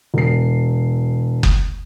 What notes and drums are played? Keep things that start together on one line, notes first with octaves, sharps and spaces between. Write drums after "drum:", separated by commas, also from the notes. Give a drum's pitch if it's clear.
E1 C7
drum: kick F#1